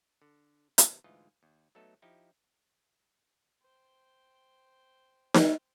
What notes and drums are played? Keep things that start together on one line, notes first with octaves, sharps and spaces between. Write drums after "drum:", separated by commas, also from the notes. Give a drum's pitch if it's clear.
D3
C3 E3, drum: hi-hat
D2 G#2 E3 F4 D#5
D#2
F#3 A3 B3 D#4 A4
F3 D#4 E4 G4
C5 G5
drum: snare D#4